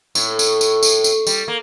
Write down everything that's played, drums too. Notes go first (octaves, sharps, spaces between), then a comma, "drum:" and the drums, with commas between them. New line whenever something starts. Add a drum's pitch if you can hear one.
A2, drum: tambourine
drum: tambourine
drum: tambourine
drum: tambourine
drum: tambourine
G3, drum: tambourine
A#3